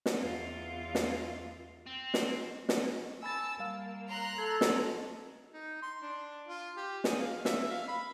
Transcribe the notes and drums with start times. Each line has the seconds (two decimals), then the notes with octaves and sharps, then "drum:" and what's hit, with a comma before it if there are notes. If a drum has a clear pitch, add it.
0.06 drum: snare
0.20 E2 F4
0.95 drum: snare
1.86 C4
2.14 drum: snare
2.69 drum: snare
3.23 G#5 A5 B5 E6 A6
3.59 G3 A#3 F5
4.09 A#5 C6 F#6
4.38 A4 G#6
4.61 drum: snare
5.53 D#4
5.82 C6
6.02 D4
6.48 F4
6.77 G4
7.04 G#4, drum: snare
7.20 F5
7.45 E5, drum: snare
7.71 F5
7.88 B5